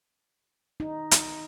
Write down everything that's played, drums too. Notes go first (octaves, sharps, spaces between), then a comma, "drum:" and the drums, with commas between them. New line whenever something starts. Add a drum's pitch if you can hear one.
D#4
drum: hi-hat